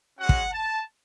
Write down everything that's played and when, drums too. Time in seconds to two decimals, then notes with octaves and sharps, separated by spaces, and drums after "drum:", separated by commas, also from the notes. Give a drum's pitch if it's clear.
0.18 G#3 C#4 F#4 F#5
0.29 drum: kick
0.52 A5